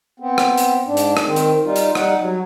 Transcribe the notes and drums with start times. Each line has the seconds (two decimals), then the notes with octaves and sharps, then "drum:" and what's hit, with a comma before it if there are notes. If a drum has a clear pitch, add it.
0.20 B3 C4
0.38 drum: rim click
0.58 drum: hi-hat
0.86 G#2 D4
0.97 drum: hi-hat
1.17 drum: rim click
1.26 D#3 C4
1.36 drum: hi-hat
1.65 G3 D#4 F4
1.76 drum: hi-hat
1.95 G3 D#4 F#5, drum: rim click
2.19 F#3